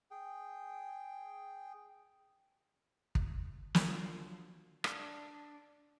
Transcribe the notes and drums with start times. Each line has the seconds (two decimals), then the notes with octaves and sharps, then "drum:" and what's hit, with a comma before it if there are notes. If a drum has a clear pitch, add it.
0.11 G#4 G5
3.15 drum: kick
3.75 D3 F3 F#3, drum: snare
4.84 D4, drum: rim click